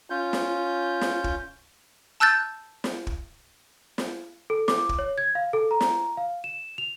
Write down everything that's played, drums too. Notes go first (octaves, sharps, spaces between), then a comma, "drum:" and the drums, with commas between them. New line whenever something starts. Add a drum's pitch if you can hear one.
C#4 F4 G6
drum: snare
drum: snare
drum: kick
A5 E6 F#6 G6 A6
drum: snare
drum: kick
drum: snare
A4
D6, drum: snare
drum: kick
C#5
G#6
F5
A4
A#5
drum: snare
F5
E7
F7